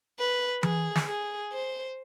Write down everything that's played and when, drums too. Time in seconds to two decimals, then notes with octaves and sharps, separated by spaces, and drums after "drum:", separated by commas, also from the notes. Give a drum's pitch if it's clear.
0.19 B4
0.63 G#4, drum: tom E3
0.95 drum: snare
1.08 G#4
1.52 C5